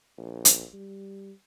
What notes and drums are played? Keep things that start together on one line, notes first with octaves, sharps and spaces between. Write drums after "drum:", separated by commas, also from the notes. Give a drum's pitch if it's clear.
A#1
drum: hi-hat
G3